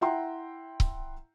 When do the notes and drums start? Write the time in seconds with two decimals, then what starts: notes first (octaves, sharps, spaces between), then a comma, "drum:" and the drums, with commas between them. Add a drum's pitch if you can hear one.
0.01 E4 E5 F#5 G5 A#5 C6
0.80 drum: kick C#1